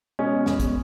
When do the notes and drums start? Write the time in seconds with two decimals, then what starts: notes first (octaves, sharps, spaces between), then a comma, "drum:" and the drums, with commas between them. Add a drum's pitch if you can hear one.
0.19 B2 G#3 C#4
0.46 E2, drum: snare
0.60 drum: kick, hi-hat